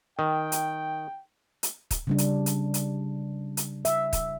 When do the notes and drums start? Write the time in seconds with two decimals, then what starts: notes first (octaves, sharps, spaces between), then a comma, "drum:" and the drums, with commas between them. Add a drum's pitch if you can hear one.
0.19 D#3 G5
0.52 drum: hi-hat
1.63 drum: hi-hat
1.91 drum: kick, hi-hat
2.07 C#3 G3 D4
2.18 drum: hi-hat
2.46 drum: hi-hat
2.74 drum: hi-hat
3.57 drum: hi-hat
3.85 E5, drum: hi-hat
4.13 drum: kick, hi-hat